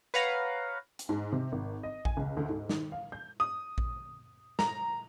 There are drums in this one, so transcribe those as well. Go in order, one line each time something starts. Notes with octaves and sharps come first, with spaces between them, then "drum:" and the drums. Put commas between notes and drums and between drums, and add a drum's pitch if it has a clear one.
B4 C#5 F5 F#5 A#5
drum: hi-hat
G#2
C3
G#1
D#5
G#5, drum: kick A#1
C#2
D2
G#2
D#3, drum: snare
F5
G6
D#6
drum: kick A#1
A#5, drum: snare